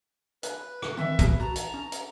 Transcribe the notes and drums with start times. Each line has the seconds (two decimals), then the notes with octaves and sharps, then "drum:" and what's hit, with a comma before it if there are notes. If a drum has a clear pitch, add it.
0.43 B4, drum: hi-hat
0.82 drum: rim click
0.97 D#3 E3 C4 E5
1.19 drum: kick, hi-hat
1.40 F#4 A5 A#5
1.55 drum: hi-hat
1.74 C#4
1.92 drum: hi-hat